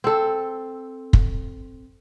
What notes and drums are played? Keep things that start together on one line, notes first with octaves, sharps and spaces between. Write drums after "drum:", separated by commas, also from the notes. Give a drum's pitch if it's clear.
C4 A4
drum: kick